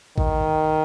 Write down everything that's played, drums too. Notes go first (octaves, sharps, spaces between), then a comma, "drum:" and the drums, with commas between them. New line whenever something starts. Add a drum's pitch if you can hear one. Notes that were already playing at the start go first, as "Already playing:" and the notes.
D#3, drum: kick A1